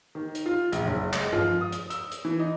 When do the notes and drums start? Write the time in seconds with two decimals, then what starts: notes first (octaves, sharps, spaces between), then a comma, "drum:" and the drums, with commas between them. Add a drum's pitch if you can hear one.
0.15 D#3
0.35 drum: hi-hat
0.46 F4
0.72 A#1, drum: hi-hat
0.85 F#1
1.13 G#3, drum: clap
1.33 F4, drum: tom
1.61 D#6
1.72 drum: hi-hat
1.90 E6, drum: hi-hat
2.11 drum: hi-hat
2.25 E3
2.39 D#4